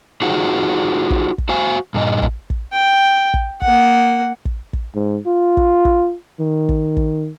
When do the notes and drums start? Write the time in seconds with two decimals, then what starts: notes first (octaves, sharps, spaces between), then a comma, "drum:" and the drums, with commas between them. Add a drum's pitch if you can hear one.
0.22 D#4 F4 F#4 G#4 C5 F#5
1.10 drum: kick
1.38 drum: kick
1.49 F#4 C5 F5 G#5
1.94 G2 A#2 D#5
2.22 drum: kick
2.50 drum: kick
2.73 G5
3.34 drum: kick
3.62 A#3 F#5, drum: kick
4.45 drum: kick
4.73 drum: kick
4.95 G#2
5.27 F4
5.57 drum: kick
5.85 drum: kick
6.40 D#3
6.69 drum: kick
6.97 drum: kick